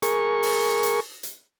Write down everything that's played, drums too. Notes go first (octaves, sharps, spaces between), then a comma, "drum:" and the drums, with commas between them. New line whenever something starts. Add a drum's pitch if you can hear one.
G#4 A#4 C#6, drum: hi-hat
drum: open hi-hat
drum: hi-hat
drum: hi-hat